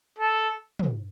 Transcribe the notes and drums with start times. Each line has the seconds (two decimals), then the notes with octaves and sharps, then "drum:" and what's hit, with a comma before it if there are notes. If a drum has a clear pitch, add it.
0.19 A4
0.79 drum: tom